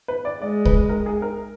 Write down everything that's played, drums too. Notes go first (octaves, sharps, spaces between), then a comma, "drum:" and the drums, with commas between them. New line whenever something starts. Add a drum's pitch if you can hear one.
B4
D5
G#3 D5
B4, drum: kick C2
A#4
G#4
A#4